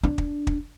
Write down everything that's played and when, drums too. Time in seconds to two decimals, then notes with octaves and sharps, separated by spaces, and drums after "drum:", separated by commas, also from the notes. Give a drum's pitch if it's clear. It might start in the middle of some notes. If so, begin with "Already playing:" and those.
0.03 D4
0.18 drum: kick
0.47 drum: kick